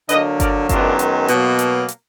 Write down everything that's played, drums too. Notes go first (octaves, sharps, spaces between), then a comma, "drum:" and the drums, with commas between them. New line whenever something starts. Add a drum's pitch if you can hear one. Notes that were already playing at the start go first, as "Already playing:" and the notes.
D3 F#3 A#3 B4 D#5, drum: hi-hat
A#4 D5, drum: kick G1, hi-hat
F#2 D#3 G#3 B3 D4 F4, drum: kick G1, hi-hat
drum: hi-hat
B2 F#3 A#3, drum: hi-hat
drum: hi-hat
drum: hi-hat